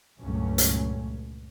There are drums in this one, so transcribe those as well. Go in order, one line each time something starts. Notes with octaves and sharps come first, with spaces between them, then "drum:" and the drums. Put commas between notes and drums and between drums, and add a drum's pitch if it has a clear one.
C#2 G2 A#2 F#3 A3 C#4
drum: hi-hat